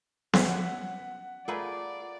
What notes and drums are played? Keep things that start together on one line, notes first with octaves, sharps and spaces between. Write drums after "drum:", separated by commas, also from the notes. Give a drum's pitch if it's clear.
C4 C#4 F#5 F#6 B6, drum: snare B3
A3 F4 G#4 A#4 B4 D5